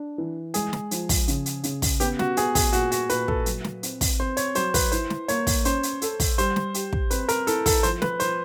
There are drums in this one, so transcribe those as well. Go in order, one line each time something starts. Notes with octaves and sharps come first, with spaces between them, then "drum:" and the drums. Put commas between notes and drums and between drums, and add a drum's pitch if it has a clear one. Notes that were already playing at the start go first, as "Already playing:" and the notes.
Already playing: D4
E3
G#3 G#4, drum: hi-hat
drum: snare
F3, drum: hi-hat
drum: kick, open hi-hat
C#3, drum: hi-hat
drum: hi-hat
C#3, drum: hi-hat
drum: kick, open hi-hat
B3 G4, drum: hi-hat
F#4, drum: snare
B3 G#4, drum: hi-hat
G#4, drum: kick, open hi-hat
A#2 F#4, drum: hi-hat
F#4, drum: hi-hat
A#2 B4, drum: hi-hat
A4, drum: kick
F#3, drum: hi-hat
drum: snare
C4, drum: hi-hat
drum: kick, open hi-hat
C4 C5
C#5, drum: hi-hat
F#3 C5, drum: hi-hat
B4, drum: kick, open hi-hat
E4 C5, drum: hi-hat
drum: snare
A#3 C#5, drum: hi-hat
drum: kick, open hi-hat
C#4 C5, drum: hi-hat
drum: hi-hat
A4, drum: hi-hat
drum: kick, open hi-hat
G3 C5, drum: hi-hat
drum: snare
G4, drum: hi-hat
drum: kick
C4 B4, drum: hi-hat
A#4, drum: hi-hat
E4 A4, drum: hi-hat
A4, drum: kick, open hi-hat
F3 C5, drum: hi-hat
B4, drum: snare
F3 C5, drum: hi-hat